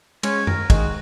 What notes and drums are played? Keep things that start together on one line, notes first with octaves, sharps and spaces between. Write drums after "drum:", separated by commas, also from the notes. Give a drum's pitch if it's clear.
G#3 C#4 C#5, drum: cymbal
A#4, drum: tom F#2
D#3 G#3 F#4, drum: kick, cymbal